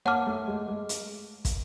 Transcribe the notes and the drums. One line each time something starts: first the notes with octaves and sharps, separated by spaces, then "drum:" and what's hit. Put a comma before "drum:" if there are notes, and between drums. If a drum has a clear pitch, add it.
A#3 C#5 F#5 A5 D6 F6
A3
G#3
G#3
drum: hi-hat
drum: kick, hi-hat